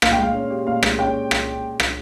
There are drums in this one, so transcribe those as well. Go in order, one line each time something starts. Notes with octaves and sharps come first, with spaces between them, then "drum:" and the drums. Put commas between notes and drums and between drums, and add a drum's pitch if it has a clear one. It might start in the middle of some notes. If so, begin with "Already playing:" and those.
A#2 F5, drum: rim click
G5
G#3 F5
C#4
G4
A#2 F5
G#3, drum: rim click
C#4 G5
drum: rim click
drum: rim click